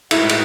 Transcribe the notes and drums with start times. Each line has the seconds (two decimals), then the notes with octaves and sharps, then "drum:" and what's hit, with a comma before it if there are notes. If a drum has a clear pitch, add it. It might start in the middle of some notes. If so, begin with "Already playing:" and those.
0.11 A2 G#3 D#4 E4 F#4, drum: cymbal
0.29 drum: cymbal